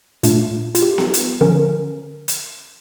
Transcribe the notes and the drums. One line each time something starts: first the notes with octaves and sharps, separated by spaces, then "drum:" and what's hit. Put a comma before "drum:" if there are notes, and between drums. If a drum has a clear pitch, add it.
A#2 A3 D4 F4, drum: hi-hat
F4, drum: hi-hat
G4
drum: snare B3
drum: hi-hat
D3 F3 C#4 A#4
drum: hi-hat